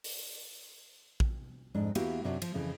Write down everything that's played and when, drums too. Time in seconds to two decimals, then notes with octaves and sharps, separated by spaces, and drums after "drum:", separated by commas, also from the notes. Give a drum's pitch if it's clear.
0.04 drum: open hi-hat
1.20 drum: kick A#1
1.74 F2 G#2 D4
1.95 E2 A#3 B3 E4 F#4 G4, drum: cymbal
2.24 F#2 C3 D4 F4 F#4
2.42 F3, drum: cymbal
2.54 F2 C#3 E3